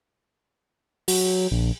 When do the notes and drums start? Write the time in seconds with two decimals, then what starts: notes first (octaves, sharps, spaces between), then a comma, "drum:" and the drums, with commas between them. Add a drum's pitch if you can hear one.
1.08 F#3, drum: open hi-hat
1.51 A#1